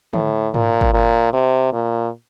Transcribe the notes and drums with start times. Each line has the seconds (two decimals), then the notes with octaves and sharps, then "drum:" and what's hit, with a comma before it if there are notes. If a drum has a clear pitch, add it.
0.13 A2, drum: tom D3
0.54 A#2, drum: tom G#2
0.81 drum: kick
0.94 A#2
1.33 C3
1.73 A#2